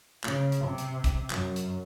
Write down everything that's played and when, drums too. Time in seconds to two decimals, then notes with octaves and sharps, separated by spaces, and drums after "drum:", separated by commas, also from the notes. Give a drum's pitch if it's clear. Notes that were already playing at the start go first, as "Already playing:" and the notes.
0.24 C#3, drum: clap
0.52 drum: hi-hat
0.65 C3
0.78 drum: hi-hat
1.04 drum: kick, hi-hat
1.30 F#2, drum: clap
1.56 drum: hi-hat